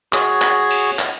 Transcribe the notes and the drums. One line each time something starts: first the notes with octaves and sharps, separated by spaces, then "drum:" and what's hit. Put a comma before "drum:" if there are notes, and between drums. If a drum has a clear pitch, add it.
F#4 G#4 C#5, drum: clap
drum: clap
drum: cymbal
drum: clap